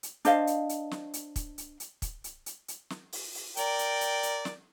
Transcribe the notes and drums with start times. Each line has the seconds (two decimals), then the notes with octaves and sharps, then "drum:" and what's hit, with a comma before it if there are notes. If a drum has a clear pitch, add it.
0.03 drum: hi-hat
0.25 D4 C5 D#5 F5, drum: hi-hat
0.47 drum: hi-hat
0.69 drum: hi-hat
0.91 drum: snare
1.14 drum: hi-hat
1.36 drum: kick, hi-hat
1.58 drum: hi-hat
1.80 drum: hi-hat
2.02 drum: kick, hi-hat
2.24 drum: hi-hat
2.46 drum: hi-hat
2.68 drum: hi-hat
2.90 drum: snare
3.12 drum: open hi-hat
3.35 drum: open hi-hat
3.57 A#4 D5 G5, drum: hi-hat
3.79 drum: hi-hat
4.01 drum: hi-hat
4.23 drum: hi-hat
4.45 drum: snare